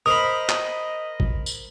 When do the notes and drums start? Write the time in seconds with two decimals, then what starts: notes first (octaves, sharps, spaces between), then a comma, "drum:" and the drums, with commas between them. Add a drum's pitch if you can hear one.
0.06 A#4 C5 D#5 B5 D#6
0.49 drum: clap
1.20 drum: kick
1.46 drum: tambourine